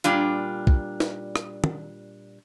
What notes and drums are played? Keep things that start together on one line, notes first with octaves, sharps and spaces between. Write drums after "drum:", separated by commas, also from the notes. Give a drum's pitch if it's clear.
A#2 G3 D4 F4, drum: hi-hat
drum: kick
drum: snare
drum: rim click
drum: tom